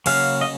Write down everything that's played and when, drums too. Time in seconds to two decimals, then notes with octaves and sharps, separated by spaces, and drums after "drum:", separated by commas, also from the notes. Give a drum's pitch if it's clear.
0.06 C#3 F#3 A#3 C#4 F5, drum: cymbal
0.41 D#5